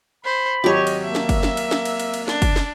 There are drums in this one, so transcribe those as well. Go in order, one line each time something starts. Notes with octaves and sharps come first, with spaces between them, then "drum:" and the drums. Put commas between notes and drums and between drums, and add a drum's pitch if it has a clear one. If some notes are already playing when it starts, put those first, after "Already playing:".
C5 B5
G#1 F#3 G4 C#5 D#5 A5
drum: cymbal
A#3 E5
drum: snare
drum: kick F#1, cymbal
drum: snare
drum: cymbal
drum: snare
drum: cymbal
drum: cymbal
drum: cymbal
D4, drum: snare
drum: kick F#1, cymbal
drum: snare